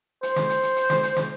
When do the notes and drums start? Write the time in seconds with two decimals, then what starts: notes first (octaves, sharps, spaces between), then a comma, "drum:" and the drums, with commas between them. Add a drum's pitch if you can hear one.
0.23 C5, drum: hi-hat
0.36 drum: snare
0.50 drum: hi-hat
0.63 drum: hi-hat
0.76 drum: hi-hat
0.90 drum: snare
1.03 drum: hi-hat
1.16 drum: snare